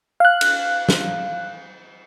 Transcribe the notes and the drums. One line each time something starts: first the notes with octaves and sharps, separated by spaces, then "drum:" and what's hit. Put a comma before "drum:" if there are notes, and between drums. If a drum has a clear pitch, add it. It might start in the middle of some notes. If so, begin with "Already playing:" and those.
F5 F#6
drum: cymbal
drum: snare